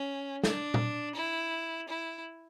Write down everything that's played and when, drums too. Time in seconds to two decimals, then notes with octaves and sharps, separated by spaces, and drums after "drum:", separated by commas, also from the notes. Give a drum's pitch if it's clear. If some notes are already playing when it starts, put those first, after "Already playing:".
Already playing: C#4
0.43 D4, drum: snare
0.74 drum: tom A#2
1.15 E4
1.88 E4